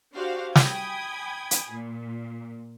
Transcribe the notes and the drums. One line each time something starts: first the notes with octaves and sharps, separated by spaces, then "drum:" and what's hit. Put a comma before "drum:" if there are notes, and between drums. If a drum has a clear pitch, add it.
D4 F#4 G4 C5 F5
G5 G#5 B5 D#6 G#6, drum: snare
drum: hi-hat
A#2